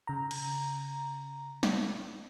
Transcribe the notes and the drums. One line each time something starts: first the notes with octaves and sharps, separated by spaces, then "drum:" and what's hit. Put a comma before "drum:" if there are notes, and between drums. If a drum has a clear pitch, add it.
C#3 A#5
drum: cymbal
drum: snare